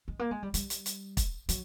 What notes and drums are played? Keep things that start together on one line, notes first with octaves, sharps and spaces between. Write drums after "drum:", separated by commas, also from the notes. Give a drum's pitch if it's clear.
G#3
A#3
G#3
G3
G3, drum: hi-hat
drum: hi-hat
drum: hi-hat
drum: kick, hi-hat
F#3, drum: hi-hat